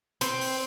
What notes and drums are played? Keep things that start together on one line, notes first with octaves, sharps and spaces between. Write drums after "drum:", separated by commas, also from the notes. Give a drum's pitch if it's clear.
C4, drum: hi-hat
drum: open hi-hat